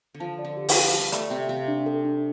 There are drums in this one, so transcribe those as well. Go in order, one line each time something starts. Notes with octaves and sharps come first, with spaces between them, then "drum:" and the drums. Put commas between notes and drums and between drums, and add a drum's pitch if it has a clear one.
D3
F3 A5
D5
D3
G4
F3, drum: open hi-hat
F5
G3 A5
A3 D5, drum: hi-hat
C3 C4 G4
C3 C4 F5
D4
A4
D4